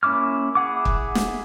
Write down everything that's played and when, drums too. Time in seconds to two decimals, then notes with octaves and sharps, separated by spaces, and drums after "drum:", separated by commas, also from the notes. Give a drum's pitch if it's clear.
0.03 A#3 C#4 E4 D6 F6
0.55 E4 G#4 F#5 D6
0.85 drum: kick
1.15 drum: snare